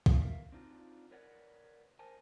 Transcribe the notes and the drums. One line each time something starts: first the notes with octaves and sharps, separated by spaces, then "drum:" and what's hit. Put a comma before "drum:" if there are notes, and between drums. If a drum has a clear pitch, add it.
drum: kick
A#4 E5 F5
C4 D4 D#4 F4 F#4 D5
A#4 B4 C#5 D5 F#5
A#4 C5 G#5 A5